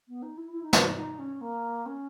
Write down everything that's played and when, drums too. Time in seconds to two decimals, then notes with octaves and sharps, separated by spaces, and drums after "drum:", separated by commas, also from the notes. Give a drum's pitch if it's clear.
0.08 B3
0.22 D#4
0.37 E4
0.52 E4
0.63 D#4
0.73 C#4, drum: snare
0.83 D#4
0.96 D#4
1.19 C#4
1.41 A#3
1.86 C#4